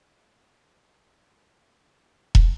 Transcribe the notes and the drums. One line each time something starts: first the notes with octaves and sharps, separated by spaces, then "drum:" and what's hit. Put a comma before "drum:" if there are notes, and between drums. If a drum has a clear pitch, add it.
F6
G4
drum: kick